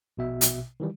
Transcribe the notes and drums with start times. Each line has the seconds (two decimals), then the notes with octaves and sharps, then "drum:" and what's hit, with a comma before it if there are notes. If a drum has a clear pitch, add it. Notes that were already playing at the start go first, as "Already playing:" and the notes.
0.17 A#1 B2 E5
0.41 drum: hi-hat
0.80 D#3 E3 G3